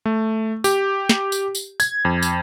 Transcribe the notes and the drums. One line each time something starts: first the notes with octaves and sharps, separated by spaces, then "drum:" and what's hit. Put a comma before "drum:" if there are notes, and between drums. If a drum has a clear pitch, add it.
A3
G4, drum: tambourine
drum: snare
drum: tambourine
drum: tambourine
G#6, drum: tambourine
F2
drum: tambourine